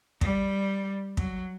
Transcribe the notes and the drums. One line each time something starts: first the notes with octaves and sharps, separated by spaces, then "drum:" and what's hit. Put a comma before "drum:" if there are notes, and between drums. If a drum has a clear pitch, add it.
G3, drum: kick
F#3, drum: kick